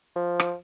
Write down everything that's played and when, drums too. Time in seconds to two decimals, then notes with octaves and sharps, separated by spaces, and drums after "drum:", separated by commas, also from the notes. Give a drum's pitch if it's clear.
0.16 F3
0.40 drum: rim click